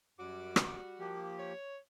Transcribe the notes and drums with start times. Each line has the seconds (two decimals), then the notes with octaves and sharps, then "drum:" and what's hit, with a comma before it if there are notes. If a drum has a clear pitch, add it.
0.19 F#2 G3 F#4 D6
0.56 drum: rim click
0.99 F3 A#3 G4
1.38 C#5